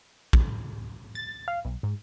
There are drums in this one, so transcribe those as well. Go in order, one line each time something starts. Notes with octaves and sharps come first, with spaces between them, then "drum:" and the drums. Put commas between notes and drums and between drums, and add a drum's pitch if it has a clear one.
drum: kick
A6
F5
B1
G#2